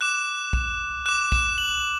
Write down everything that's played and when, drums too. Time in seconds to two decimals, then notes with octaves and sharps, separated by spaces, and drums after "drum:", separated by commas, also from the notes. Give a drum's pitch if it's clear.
0.01 D6 F#6 E7
0.53 drum: kick
1.06 D6 F#6 E7
1.32 E7, drum: kick
1.58 F#7